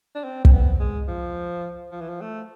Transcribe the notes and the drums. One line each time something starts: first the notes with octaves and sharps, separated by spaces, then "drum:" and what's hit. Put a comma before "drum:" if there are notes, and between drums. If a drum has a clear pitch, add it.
D4
C4
C4, drum: kick
B3
G#3
F3
F3
E3
F3
A3